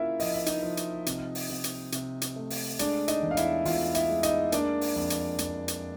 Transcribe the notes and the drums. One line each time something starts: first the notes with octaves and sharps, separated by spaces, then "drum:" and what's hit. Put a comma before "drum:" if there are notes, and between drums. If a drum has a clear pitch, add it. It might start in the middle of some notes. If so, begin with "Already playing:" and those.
Already playing: C#3 A#3 E4 F4 E5 F5
F3 D#5, drum: open hi-hat
E5
D#4 D#5, drum: hi-hat
F3
drum: hi-hat
C3, drum: hi-hat
drum: open hi-hat
C3
drum: hi-hat
C3, drum: hi-hat
drum: hi-hat
A3
drum: open hi-hat
G#3 D4 D5, drum: hi-hat
D#4 D#5, drum: hi-hat
E2
F5
E4 E5, drum: hi-hat
E2 F4 F5, drum: open hi-hat
E4 E5, drum: hi-hat
G#3
D#4 D#5, drum: hi-hat
A#3 D4 D5, drum: hi-hat
drum: open hi-hat
F2
drum: hi-hat
F2, drum: hi-hat
drum: hi-hat